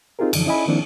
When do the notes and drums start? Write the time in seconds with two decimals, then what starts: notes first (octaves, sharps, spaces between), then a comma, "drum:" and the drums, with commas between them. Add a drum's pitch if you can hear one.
0.19 C4 D#4 F4 G4 G#4 A#4
0.33 F#2 D3 E3 F3, drum: cymbal
0.46 C#4 E4 D#5 E5 G#5 B5
0.68 D#3 F3 A#3 C4 D4 E4